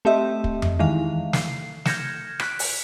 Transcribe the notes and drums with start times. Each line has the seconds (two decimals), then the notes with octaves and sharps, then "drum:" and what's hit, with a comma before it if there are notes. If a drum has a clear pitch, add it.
0.05 A3 C4 G4 D#5 E5
0.44 drum: kick
0.62 drum: tom F2
0.79 D#3 E3 G#3 F5
1.33 C7, drum: snare
1.85 F6 G6 G#6 A#6 C#7 E7, drum: snare
2.40 F#6 B6 D7, drum: rim click
2.59 drum: open hi-hat